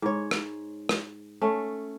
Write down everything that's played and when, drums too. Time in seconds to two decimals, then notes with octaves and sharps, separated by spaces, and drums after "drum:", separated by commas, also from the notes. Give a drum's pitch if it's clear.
0.02 G#2 C#5
0.31 drum: rim click
0.89 drum: rim click
1.41 A3 C#4